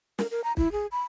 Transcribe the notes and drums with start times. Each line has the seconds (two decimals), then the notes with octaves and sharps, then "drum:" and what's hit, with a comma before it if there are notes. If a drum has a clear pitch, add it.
0.19 A#4, drum: snare
0.31 A#4
0.44 A#5
0.57 E4, drum: kick
0.72 G#4
0.92 B5